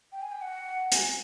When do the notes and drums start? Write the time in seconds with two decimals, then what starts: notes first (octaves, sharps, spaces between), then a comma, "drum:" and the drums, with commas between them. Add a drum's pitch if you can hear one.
0.12 G5
0.22 G#5
0.32 G5
0.42 F#5
0.92 G#5, drum: hi-hat